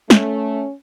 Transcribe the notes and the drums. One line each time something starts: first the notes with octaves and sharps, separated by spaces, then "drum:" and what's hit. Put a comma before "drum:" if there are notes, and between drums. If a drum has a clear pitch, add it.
A3 C#4, drum: snare